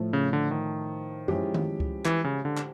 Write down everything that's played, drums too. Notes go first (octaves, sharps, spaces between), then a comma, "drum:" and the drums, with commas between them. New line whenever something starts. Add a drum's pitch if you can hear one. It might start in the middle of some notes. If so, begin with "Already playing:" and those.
Already playing: A2 F3 A3
C#3
D3
D#3
F3 G#3 C#4 E4 G4, drum: tom F#2
drum: tom D#3
drum: kick C#2
E3, drum: clap
C#3
D3
drum: clap